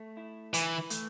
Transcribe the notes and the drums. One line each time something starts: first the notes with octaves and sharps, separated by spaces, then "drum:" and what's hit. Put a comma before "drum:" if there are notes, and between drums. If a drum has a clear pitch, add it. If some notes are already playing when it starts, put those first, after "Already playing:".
Already playing: A3
E4
E3 B4, drum: hi-hat
A3, drum: hi-hat